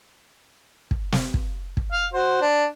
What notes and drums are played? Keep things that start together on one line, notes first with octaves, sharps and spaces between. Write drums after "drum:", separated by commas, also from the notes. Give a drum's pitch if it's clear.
drum: kick
drum: snare
drum: kick
drum: kick
F5
F#4 C5
D4